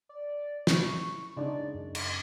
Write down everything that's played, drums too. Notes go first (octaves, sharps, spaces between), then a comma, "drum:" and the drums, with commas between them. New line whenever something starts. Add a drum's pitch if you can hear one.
D5
E4 C#6, drum: snare
C#3 D4 D#4 D5
F#2
drum: cymbal